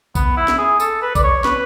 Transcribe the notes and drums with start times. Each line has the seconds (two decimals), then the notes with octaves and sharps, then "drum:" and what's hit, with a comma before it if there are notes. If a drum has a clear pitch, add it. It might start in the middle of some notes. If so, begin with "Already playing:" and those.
0.15 B3, drum: kick A#1, tambourine
0.37 E4
0.48 drum: snare
0.58 G#4
0.80 A4, drum: tambourine
1.02 B4
1.15 D5, drum: kick A#1, tambourine
1.23 C#5
1.44 B4, drum: snare